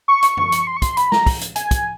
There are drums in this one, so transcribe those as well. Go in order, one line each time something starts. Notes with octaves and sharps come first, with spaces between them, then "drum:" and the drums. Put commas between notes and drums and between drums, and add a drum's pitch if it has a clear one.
C#6
drum: hi-hat
drum: tom F#2
drum: hi-hat
C6
C#6
C6, drum: kick, hi-hat
B5, drum: hi-hat
A#5, drum: snare
drum: kick, open hi-hat
drum: hi-hat
G#5, drum: hi-hat
drum: kick, hi-hat